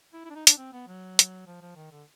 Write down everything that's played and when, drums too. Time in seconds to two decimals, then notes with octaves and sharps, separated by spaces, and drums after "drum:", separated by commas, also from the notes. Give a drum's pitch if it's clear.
0.13 E4
0.25 E4
0.30 D4
0.35 D#4
0.47 D4, drum: hi-hat
0.58 C4
0.72 B3
0.88 F#3
1.19 drum: hi-hat
1.47 F3
1.62 F3
1.76 D#3
1.92 D3